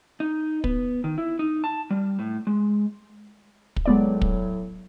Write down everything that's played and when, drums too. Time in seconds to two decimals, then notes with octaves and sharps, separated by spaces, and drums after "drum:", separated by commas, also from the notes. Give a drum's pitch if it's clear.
0.20 D#4
0.64 B3, drum: kick
1.04 D#3
1.18 E4
1.39 D#4
1.64 A5
1.90 G3
2.19 A2
2.47 G#3
3.76 drum: kick
3.86 A2 F#3 G#3 B3 D5
4.21 drum: kick